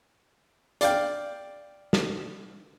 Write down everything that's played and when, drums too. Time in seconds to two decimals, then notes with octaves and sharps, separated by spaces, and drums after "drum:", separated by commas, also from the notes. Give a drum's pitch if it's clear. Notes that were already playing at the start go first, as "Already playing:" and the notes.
0.81 D5 F5 G5, drum: hi-hat
1.93 drum: snare